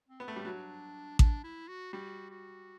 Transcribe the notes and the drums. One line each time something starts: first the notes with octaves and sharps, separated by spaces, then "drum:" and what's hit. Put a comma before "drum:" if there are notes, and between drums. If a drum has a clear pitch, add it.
C4
B3
A3 C4
G3
F#3 D4
D4, drum: kick A1
E4
F#4
G3 F#4
F#4